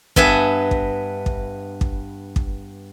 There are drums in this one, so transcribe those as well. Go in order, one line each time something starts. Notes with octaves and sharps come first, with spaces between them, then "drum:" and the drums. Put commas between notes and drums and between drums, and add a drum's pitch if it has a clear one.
G2 B3 E5 G#5, drum: kick
drum: kick
drum: kick
drum: kick
drum: kick